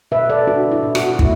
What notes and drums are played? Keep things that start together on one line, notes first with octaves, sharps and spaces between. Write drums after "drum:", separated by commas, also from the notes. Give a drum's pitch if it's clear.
B2 B4 E5
A4 D5
D4 F#4
E4
B2
F#4, drum: rim click
A3 E4, drum: kick